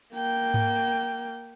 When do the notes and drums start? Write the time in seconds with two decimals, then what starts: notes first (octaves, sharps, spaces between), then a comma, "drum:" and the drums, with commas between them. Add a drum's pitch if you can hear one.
0.14 A#3 G5
0.54 drum: tom G#2